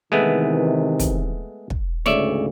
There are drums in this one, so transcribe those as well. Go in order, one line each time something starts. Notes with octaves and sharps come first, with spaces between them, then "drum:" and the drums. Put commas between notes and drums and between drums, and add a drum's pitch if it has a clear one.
C3 D#3 E3 G#3 A3 B3
drum: kick, hi-hat
drum: kick
D2 G#2 C#3 C#5 D5 E5, drum: snare